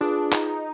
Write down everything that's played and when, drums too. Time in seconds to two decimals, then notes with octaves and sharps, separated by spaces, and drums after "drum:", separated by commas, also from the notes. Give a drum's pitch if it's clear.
0.01 D4 F4 G#4 B4
0.32 D#4, drum: clap